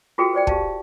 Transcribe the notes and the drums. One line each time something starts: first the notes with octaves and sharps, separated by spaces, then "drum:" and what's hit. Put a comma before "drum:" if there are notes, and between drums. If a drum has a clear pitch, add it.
F4 F#4 G#4 A4 B4 G5
B4 C5 D5 G5
G4 F5 A5, drum: kick